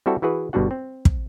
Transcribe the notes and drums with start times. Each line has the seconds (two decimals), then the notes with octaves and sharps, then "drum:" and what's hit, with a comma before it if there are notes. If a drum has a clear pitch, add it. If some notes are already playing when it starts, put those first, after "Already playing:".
0.06 G3 C4 E4 F#4 A4
0.22 E3 E4 F#4 G#4 B4
0.53 G1 B2 G3 D4 F#4 F#5
0.71 C4
1.05 drum: kick